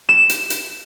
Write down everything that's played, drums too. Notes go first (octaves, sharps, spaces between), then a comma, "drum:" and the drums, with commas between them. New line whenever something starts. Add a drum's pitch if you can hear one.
E7
drum: hi-hat
drum: hi-hat